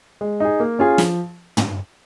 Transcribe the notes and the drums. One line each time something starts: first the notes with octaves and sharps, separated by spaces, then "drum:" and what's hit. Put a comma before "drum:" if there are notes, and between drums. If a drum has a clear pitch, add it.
G#3
D#4 G#4
A#3
C#4 F4 G#4
F3, drum: snare
drum: tom